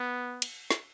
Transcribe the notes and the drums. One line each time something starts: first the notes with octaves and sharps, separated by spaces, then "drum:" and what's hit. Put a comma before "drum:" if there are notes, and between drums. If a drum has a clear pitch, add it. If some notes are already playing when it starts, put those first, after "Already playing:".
Already playing: B3
drum: cymbal
drum: snare